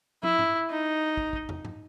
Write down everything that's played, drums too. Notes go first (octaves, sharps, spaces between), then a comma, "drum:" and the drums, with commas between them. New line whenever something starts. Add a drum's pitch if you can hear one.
E4, drum: tom
drum: tom G2
D#4
drum: kick
drum: kick
drum: tom
drum: tom G2